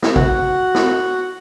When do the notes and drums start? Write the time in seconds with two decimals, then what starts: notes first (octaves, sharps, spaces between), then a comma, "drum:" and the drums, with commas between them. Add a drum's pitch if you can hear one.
0.02 drum: snare
0.16 F#4 F#5, drum: kick A1
0.74 drum: snare